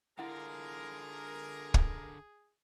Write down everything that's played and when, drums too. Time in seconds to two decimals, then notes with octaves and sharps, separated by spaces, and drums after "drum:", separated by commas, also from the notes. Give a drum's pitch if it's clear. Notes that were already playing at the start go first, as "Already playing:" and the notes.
0.19 D3 E4 F4 G#4 A#4 F#5
1.74 drum: kick